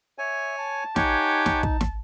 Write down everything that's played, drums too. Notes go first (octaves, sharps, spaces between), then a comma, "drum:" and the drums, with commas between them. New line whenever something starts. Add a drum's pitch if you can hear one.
C#5 E5 G#5
A5
D#4 G4 C#5 F#5 G#5, drum: snare
drum: snare
drum: kick
drum: snare